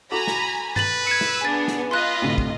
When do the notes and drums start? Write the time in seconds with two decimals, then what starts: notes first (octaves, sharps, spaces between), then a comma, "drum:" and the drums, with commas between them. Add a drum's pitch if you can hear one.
0.11 F#4 A4 G#5 A#5 B5 D6
0.27 drum: snare
0.76 B4 A6 F#7, drum: tom G2
1.07 E6 G#6 C#7
1.21 drum: snare
1.41 B3 D4 G#4 G#5 A6
1.68 drum: snare
1.91 F4 B4 D#5 C6 F#6
2.22 D2 A2 C3
2.38 drum: kick